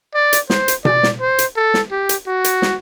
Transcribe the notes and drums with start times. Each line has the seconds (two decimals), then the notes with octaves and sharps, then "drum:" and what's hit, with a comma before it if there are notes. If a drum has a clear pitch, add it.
0.14 D5
0.33 drum: hi-hat
0.50 C5, drum: snare
0.68 drum: hi-hat
0.85 D5, drum: tom B2
1.03 drum: snare
1.21 C5
1.39 drum: hi-hat
1.56 A4
1.74 drum: snare
1.91 G4
2.09 drum: hi-hat
2.27 F#4
2.44 drum: hi-hat
2.62 drum: snare